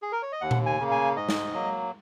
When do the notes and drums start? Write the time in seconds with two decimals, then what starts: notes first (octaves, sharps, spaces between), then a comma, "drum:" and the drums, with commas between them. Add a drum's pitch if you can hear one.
0.02 G#4
0.12 A#4
0.22 C#5
0.32 D#5
0.41 D#2 F#5
0.51 drum: tom A#2
0.66 G#5
0.80 C#3 A#3
0.92 G#5
1.16 G#2 D#5
1.29 drum: snare
1.54 F#3 A#3